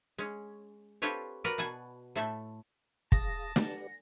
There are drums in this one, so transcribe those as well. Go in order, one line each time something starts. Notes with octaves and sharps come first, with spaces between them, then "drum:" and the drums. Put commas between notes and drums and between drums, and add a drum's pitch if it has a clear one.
G#3 C#4
C4 F4 G4 A4 B4 C#5
F#4 A#4 B4 D5
B2 F#5 G#5 A5
A2 A3 A4 E5
G#4 F5 A5 D#6 A#6, drum: kick
G4 B4 D5 F#5, drum: snare